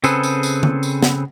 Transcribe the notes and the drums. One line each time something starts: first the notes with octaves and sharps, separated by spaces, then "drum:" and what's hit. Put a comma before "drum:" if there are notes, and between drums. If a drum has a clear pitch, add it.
C#3 C4 G#4 A4 B4, drum: tambourine
drum: tambourine
drum: tambourine
drum: tom D3
drum: tambourine
drum: snare